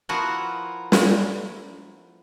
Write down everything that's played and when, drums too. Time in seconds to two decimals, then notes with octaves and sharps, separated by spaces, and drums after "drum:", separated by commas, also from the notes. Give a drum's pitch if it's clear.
0.09 F3 B3 E4 F#4 A#4 F#5
0.92 drum: snare